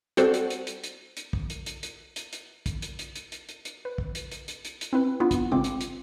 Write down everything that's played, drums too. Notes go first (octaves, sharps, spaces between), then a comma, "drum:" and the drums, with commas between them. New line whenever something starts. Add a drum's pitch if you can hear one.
G3 C4 F#4 A4 C5, drum: hi-hat
drum: hi-hat
drum: hi-hat
drum: hi-hat
drum: hi-hat
drum: hi-hat
drum: kick
drum: hi-hat
drum: hi-hat
drum: hi-hat
drum: hi-hat
drum: hi-hat
drum: kick, hi-hat
drum: hi-hat
drum: hi-hat
drum: hi-hat
drum: hi-hat
drum: hi-hat
drum: hi-hat
B4
drum: kick
drum: hi-hat
drum: hi-hat
drum: hi-hat
drum: hi-hat
drum: hi-hat
C4 E4 B4
B3 D4 E4 F4
drum: kick, hi-hat
G#1 C#3 G#3 C4 F4 D6
drum: hi-hat
drum: hi-hat